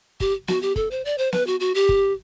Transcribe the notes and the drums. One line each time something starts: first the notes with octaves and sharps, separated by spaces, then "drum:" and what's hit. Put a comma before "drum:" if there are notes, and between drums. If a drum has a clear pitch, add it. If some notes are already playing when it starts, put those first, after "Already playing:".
G4, drum: kick
F#4, drum: snare B3
G4
A4, drum: kick
C5
D5
C5
B4, drum: snare B3
F#4
F#4
G4
drum: kick